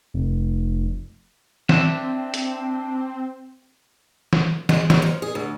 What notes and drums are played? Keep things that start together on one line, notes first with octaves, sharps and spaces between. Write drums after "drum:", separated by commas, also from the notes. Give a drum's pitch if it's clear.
F1
C4 D4 E5, drum: snare
drum: hi-hat
drum: snare
G#3, drum: snare
D#2, drum: snare
F3
G#4
D2